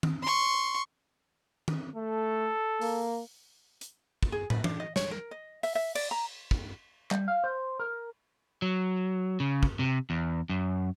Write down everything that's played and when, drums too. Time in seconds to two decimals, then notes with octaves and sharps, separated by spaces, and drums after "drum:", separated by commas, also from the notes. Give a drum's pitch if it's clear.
0.03 drum: tom D#3
0.23 C6 C#6
1.68 drum: tom D#3
1.96 A3 A4
2.81 A#3, drum: open hi-hat
3.81 drum: hi-hat
4.23 drum: kick
4.32 G#4
4.50 B4, drum: tom
4.64 D4, drum: tom E3
4.80 D#5
4.96 C#5, drum: snare
5.11 A#4
5.31 D#5
5.63 E5, drum: open hi-hat
5.75 E5
5.95 D5, drum: cymbal
6.11 A#5
6.51 drum: kick
7.11 G3, drum: clap
7.28 F5
7.44 C5
7.80 A#4
8.62 F#3
9.40 C#3
9.63 drum: kick
9.79 C3
10.10 E2
10.49 F#2